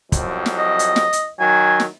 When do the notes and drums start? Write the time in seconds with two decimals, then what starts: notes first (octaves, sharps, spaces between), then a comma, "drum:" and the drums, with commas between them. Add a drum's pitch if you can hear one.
0.12 C2 F2 F#3, drum: kick, hi-hat
0.46 drum: snare
0.57 D#5
0.79 drum: hi-hat
0.96 drum: snare
1.13 drum: hi-hat
1.40 D#3 F#3 G#5
1.80 drum: snare